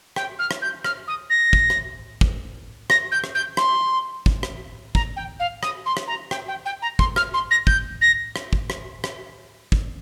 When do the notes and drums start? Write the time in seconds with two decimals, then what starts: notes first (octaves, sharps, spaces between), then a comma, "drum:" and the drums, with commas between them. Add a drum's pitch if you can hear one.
0.16 G5, drum: rim click
0.39 F6
0.51 drum: rim click
0.62 G6
0.84 F6, drum: rim click
1.08 D#6
1.30 A#6
1.53 drum: kick
1.70 drum: rim click
2.21 drum: kick
2.90 A#6, drum: rim click
3.12 G6
3.24 drum: rim click
3.35 G6
3.57 C6, drum: rim click
4.26 drum: kick
4.43 drum: rim click
4.95 A#5, drum: kick
5.16 G5
5.40 F5
5.63 D#6, drum: rim click
5.86 C6
5.97 drum: rim click
6.08 A#5
6.31 G5, drum: rim click
6.48 G5
6.66 G5
6.82 A#5
6.99 C6, drum: kick
7.16 F6, drum: rim click
7.34 C6
7.51 A#6
7.67 G6, drum: kick
8.01 A#6
8.36 drum: rim click
8.53 drum: kick
8.70 drum: rim click
9.04 drum: rim click
9.72 drum: kick